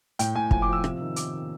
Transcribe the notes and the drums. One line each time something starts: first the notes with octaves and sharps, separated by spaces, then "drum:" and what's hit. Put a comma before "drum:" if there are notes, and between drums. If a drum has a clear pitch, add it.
A2 G5, drum: hi-hat
A2 G#5
F3 G#5, drum: kick
D6
F3 E6
C3, drum: rim click
D#3
D#3 D6, drum: hi-hat
D#3